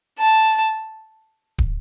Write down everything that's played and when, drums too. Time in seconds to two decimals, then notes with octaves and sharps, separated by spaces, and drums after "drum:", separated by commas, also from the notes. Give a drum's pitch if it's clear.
0.19 A5
1.58 drum: kick